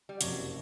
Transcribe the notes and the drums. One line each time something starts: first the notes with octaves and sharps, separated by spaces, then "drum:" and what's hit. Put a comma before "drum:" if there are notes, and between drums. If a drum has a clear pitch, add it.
G3
F#1 F2 C3 F#3, drum: hi-hat